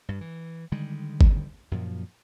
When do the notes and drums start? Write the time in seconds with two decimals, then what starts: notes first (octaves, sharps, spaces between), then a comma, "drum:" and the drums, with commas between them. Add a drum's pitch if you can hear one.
0.08 G2
0.21 E3
0.72 D3 D#3 G3 G#3
1.21 drum: kick G1
1.71 F#2 A#2 F3